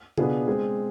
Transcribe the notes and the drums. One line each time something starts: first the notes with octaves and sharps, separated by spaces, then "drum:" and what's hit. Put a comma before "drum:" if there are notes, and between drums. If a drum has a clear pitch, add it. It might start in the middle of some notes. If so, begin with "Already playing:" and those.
B2 B3 D4 F4 G#4, drum: tom C#3
G#3 C4 G#4